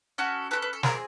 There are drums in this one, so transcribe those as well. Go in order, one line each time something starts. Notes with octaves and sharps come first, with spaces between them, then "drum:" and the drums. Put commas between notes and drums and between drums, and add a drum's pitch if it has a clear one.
C#4 F#4 A4
C#4 F#4 A4 B4
B4
A4
C4 F4 G#4 A#4, drum: snare